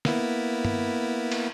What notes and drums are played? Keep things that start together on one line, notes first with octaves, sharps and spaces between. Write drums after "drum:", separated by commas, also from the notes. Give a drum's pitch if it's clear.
A#3 B3 E4, drum: snare
drum: tom G2
drum: cymbal